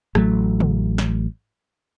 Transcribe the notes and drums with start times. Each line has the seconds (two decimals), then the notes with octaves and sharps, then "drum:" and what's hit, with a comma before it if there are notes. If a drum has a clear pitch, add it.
0.15 A1 F#3 A3, drum: rim click
0.60 drum: tom
0.98 drum: snare